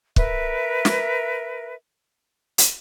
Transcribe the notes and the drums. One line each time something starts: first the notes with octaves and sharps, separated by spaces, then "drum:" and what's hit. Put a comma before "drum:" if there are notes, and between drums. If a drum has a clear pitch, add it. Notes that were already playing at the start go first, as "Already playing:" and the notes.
A#4 B4 E5, drum: kick
drum: snare
drum: hi-hat